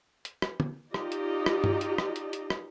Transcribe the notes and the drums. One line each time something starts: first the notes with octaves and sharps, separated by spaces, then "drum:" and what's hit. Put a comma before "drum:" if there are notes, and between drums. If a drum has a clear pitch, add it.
drum: hi-hat
drum: rim click
drum: tom
D#4 F4 G4 D5 D#5 A#5, drum: rim click
drum: hi-hat
drum: rim click
drum: tom G2
drum: hi-hat
drum: rim click
drum: hi-hat
drum: hi-hat
drum: rim click